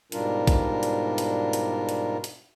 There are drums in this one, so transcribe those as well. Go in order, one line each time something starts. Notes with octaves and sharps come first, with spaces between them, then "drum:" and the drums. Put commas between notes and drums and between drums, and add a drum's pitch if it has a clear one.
G#2 B2 G3 D4 F4 A#4, drum: hi-hat
drum: kick A#1, hi-hat
drum: hi-hat
drum: hi-hat
drum: hi-hat
drum: hi-hat
drum: hi-hat